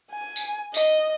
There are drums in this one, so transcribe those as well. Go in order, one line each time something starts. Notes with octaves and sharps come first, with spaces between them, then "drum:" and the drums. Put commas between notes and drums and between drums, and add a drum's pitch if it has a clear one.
G#5
drum: tambourine
D#5, drum: tambourine